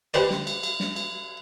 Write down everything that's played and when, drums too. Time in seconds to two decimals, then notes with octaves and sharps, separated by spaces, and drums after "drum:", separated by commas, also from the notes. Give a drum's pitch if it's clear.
0.14 G4 B4 C5 D5, drum: cymbal
0.30 drum: snare
0.47 drum: cymbal
0.63 drum: cymbal
0.80 drum: snare
0.96 drum: cymbal